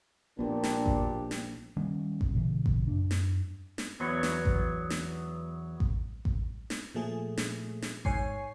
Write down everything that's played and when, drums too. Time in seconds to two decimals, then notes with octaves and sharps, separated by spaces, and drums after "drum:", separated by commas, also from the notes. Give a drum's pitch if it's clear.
0.39 A#1 A#2 B3 D4 G4
0.63 drum: snare
0.86 drum: kick A1
1.31 drum: snare
1.77 D#3 G3 C#4
2.21 drum: kick A1
2.34 A#2 C#3 E3
2.66 drum: kick A1
2.88 F#2 D4
3.11 drum: snare
3.78 drum: snare
4.00 E2 F#3 B3 C#5
4.23 drum: snare
4.45 drum: kick A1
4.90 drum: snare
5.80 drum: kick A1
6.25 drum: kick A1
6.70 drum: snare
6.95 A#2 F3 A3 G#4
7.37 drum: snare
7.82 drum: snare
8.05 G#2 C#5 G#5 C#6 C7, drum: kick A1